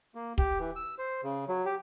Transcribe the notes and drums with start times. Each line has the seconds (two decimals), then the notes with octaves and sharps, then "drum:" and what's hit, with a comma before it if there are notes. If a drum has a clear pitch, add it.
0.15 A#3
0.38 G4, drum: kick
0.59 E3
0.76 E6
0.98 C5
1.23 C#3
1.49 F#3
1.66 G4